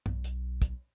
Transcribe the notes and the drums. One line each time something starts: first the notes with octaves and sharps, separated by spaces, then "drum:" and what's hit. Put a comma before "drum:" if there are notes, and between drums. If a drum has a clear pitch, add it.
B1, drum: tom
drum: hi-hat
drum: kick, hi-hat